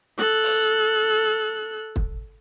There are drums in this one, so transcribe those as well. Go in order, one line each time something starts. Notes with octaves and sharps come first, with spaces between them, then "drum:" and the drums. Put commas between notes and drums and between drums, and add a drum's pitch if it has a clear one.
A4 F#6, drum: snare
drum: open hi-hat
drum: kick